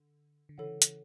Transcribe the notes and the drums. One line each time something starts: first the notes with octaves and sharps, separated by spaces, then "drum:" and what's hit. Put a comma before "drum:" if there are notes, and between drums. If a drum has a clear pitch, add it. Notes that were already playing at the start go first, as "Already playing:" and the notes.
Already playing: D3
D3
C#3 E3 A4 C#5 F#5
drum: hi-hat